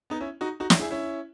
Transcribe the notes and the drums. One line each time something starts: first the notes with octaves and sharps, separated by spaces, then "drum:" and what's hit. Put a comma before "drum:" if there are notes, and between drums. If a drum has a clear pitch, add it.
B3 D#4
C#4 E4
D#4 F#4
D#4 F#4
C#4 E4, drum: snare
E4 G#4
C#4 E4